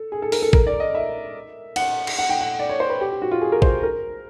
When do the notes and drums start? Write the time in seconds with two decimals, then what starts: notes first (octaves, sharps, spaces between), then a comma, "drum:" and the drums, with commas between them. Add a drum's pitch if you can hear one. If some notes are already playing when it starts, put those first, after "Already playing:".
Already playing: A4
0.12 G#4
0.22 A4
0.32 A#4, drum: open hi-hat
0.42 A4
0.53 A#4, drum: kick
0.67 D5
0.80 D#5
0.95 E5
1.76 F#5, drum: cymbal
2.07 drum: cymbal
2.19 F#5
2.29 G5
2.41 F#5
2.59 D5
2.69 C#5
2.80 C5
2.90 B4
3.01 G4
3.11 G4
3.22 F#4
3.31 F4
3.41 G#4
3.52 A#4
3.62 C5, drum: kick
3.83 A#4